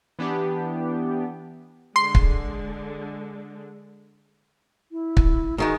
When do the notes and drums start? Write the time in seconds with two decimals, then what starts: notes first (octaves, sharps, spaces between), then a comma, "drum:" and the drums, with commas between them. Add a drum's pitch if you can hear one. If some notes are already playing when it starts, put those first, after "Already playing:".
0.19 E3 B3 D4 G4
1.96 D3 G#3 C6 C7
2.15 drum: kick
4.92 E4
5.17 drum: kick
5.58 G#2 D#3 G#3 F#4